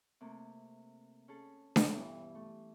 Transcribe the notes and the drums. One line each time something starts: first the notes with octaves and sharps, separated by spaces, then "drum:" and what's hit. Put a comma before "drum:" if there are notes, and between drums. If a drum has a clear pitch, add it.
C3 A3 A#3
C#4 G#4 A4
drum: snare D4
G2 B2 E3 E4
A3